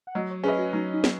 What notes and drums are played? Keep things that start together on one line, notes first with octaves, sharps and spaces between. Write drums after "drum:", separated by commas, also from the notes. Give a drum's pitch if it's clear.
F#5
F#3 D#5
C#5
C#4 G#4 B4 D#5
F#4
F#3 D#4
D#4
C#4, drum: snare